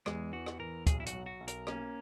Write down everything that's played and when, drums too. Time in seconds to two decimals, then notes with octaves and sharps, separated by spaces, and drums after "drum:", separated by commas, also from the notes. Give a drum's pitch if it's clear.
0.06 E2 G#3, drum: rim click
0.33 E3 F#4
0.46 drum: rim click
0.60 E2 A#4
0.87 B1 G#4, drum: kick, hi-hat
1.00 E4
1.06 F#4, drum: hi-hat
1.13 F#3
1.26 F#4
1.40 B1
1.48 A#4, drum: hi-hat
1.67 A#3 C#4, drum: rim click